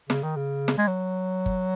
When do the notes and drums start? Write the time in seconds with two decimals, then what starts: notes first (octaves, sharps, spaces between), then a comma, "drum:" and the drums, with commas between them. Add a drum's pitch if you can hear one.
0.10 C#3, drum: snare
0.23 D#3
0.36 C#3
0.68 drum: snare
0.78 G#3
0.87 F#3
1.46 drum: kick G1